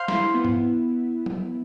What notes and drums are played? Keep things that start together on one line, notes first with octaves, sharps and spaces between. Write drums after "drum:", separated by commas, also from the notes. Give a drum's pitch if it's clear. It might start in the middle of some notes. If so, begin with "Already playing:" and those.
Already playing: C5 F5 C6
E4, drum: snare
B3
drum: tom G#2
drum: tom